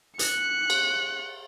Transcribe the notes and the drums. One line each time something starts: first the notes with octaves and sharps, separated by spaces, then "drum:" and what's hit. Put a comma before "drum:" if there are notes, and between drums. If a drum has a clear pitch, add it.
F#6 C#7, drum: hi-hat
drum: cymbal